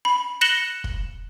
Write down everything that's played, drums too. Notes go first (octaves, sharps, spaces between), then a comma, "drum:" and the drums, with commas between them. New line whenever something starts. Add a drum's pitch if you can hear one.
B5
F#6 A#6 C#7 E7 F#7 G7
drum: kick